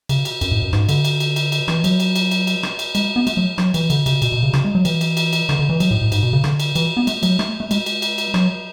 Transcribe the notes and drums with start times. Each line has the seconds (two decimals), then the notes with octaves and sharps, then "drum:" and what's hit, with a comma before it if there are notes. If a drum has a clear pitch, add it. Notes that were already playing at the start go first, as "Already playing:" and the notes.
0.09 C#3, drum: cymbal
0.25 drum: cymbal
0.41 F#2, drum: cymbal
0.52 A2
0.62 F#2
0.73 G#2, drum: rim click
0.89 D3, drum: cymbal
1.05 drum: cymbal
1.20 drum: cymbal
1.36 drum: cymbal
1.52 drum: cymbal
1.68 E3, drum: rim click
1.84 F#3, drum: cymbal
2.00 drum: cymbal
2.16 drum: cymbal
2.31 drum: cymbal
2.47 drum: cymbal
2.63 drum: rim click
2.79 drum: cymbal
2.95 G#3, drum: cymbal
3.16 B3
3.27 A3, drum: cymbal
3.37 F#3
3.58 F#3, drum: rim click
3.74 E3, drum: cymbal
3.90 D3, drum: cymbal
4.06 C#3, drum: cymbal
4.22 B2, drum: cymbal
4.32 B2
4.43 C#3
4.53 C#3, drum: rim click
4.64 G#3
4.75 F#3
4.85 E3, drum: cymbal
5.01 drum: cymbal
5.17 drum: cymbal
5.33 drum: cymbal
5.49 D3, drum: rim click
5.59 D3
5.69 E3
5.80 F#3, drum: cymbal
5.91 A2
6.01 A2
6.12 G#2, drum: cymbal
6.23 B2
6.33 C#3
6.44 D3, drum: rim click
6.60 drum: cymbal
6.75 E3, drum: cymbal
6.97 B3
7.07 A3, drum: cymbal
7.23 F#3, drum: cymbal
7.39 A3, drum: rim click
7.60 A3
7.71 G#3, drum: cymbal
7.86 drum: cymbal
8.02 drum: cymbal
8.18 drum: cymbal
8.34 F#3, drum: rim click